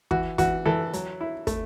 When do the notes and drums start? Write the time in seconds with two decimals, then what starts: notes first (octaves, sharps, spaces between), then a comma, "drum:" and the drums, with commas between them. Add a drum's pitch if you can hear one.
0.11 E3 F#4, drum: kick
0.38 E3 F#4, drum: kick, hi-hat
0.65 E3 A4
0.93 F#3, drum: hi-hat
1.21 E4
1.47 A3, drum: kick, hi-hat